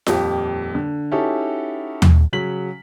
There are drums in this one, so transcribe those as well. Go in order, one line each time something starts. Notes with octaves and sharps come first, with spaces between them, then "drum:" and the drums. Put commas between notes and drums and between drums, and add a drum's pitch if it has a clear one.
D#1 F2 G4, drum: snare F4
D3
C#4 D#4 E4 F#4 G4 A4
drum: tom D#2
C#3 F#3 B6 F#7